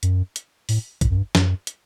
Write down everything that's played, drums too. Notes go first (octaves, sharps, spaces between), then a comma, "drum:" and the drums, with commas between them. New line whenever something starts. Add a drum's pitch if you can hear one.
F#2, drum: hi-hat
drum: hi-hat
A2, drum: open hi-hat
A2, drum: kick A#1, hi-hat
F#2
G2
F#2, drum: snare
drum: hi-hat